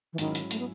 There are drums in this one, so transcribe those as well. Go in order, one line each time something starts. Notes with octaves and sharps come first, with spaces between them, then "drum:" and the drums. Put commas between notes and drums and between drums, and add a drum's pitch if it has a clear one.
E3
G#2 D#3 F#3 C#4 E4, drum: hi-hat
drum: hi-hat
A3, drum: hi-hat
B3